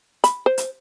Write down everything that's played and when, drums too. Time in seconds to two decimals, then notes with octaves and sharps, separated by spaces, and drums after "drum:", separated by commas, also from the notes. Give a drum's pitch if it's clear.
0.24 B5, drum: hi-hat
0.46 C5
0.58 drum: hi-hat